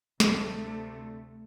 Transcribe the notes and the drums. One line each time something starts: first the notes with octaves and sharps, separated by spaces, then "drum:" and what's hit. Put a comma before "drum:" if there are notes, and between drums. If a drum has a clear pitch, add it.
D2 C3 A3, drum: snare